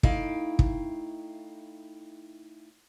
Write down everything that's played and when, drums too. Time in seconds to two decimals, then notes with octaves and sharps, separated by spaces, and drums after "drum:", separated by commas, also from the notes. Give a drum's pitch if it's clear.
0.03 A3 D#4 E4 F5 G5, drum: kick
0.59 drum: kick